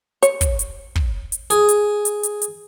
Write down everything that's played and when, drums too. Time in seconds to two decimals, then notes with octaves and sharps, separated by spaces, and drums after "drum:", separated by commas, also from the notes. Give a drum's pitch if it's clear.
0.23 C#5, drum: hi-hat
0.41 drum: kick, hi-hat
0.59 drum: hi-hat
0.96 drum: kick
1.32 drum: hi-hat
1.50 G#4, drum: hi-hat
1.69 drum: hi-hat
2.05 drum: hi-hat
2.23 drum: hi-hat
2.42 drum: hi-hat